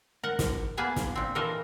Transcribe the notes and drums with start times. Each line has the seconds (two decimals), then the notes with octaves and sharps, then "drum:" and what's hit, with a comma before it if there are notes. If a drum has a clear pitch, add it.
0.23 A#4 F#5
0.39 drum: snare
0.77 A#3 B3 G#4 G#5 A5
0.96 drum: snare
1.15 A#2 C4
1.35 E3 F4 A4 A#4 D#5